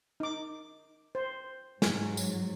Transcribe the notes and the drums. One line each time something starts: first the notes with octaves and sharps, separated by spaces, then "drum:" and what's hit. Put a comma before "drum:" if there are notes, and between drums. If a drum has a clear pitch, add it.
D#4 D6
C5
G#2 F#3 G#5, drum: snare
drum: tambourine